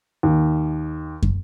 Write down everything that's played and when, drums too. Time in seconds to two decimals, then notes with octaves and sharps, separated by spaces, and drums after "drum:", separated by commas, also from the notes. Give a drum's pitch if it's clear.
0.23 D#2
1.23 drum: kick